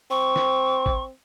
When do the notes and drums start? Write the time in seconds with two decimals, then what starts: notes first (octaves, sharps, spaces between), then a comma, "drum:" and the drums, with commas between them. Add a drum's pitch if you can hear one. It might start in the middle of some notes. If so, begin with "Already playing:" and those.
0.11 C4 C#6
0.36 drum: snare
0.86 drum: kick